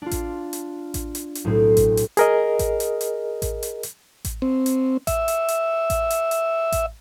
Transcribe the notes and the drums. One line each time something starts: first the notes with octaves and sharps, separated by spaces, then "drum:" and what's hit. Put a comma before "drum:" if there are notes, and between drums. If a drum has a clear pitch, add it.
D4 F4
drum: kick A1, hi-hat
drum: hi-hat
drum: kick A1, hi-hat
drum: hi-hat
drum: hi-hat
B1 A2 C4
drum: kick A1, hi-hat
drum: hi-hat
G#4 A#4 D#5, drum: hi-hat
drum: kick A1, hi-hat
drum: hi-hat
drum: hi-hat
drum: kick A1, hi-hat
drum: hi-hat
drum: hi-hat
drum: kick A1, hi-hat
C4
drum: hi-hat
E5, drum: kick A1, hi-hat
drum: hi-hat
drum: hi-hat
drum: kick A1, hi-hat
drum: hi-hat
drum: hi-hat
drum: kick A1, hi-hat